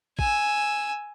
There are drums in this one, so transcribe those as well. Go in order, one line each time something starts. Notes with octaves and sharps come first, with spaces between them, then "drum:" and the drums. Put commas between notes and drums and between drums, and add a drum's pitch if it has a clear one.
G#5 E6, drum: kick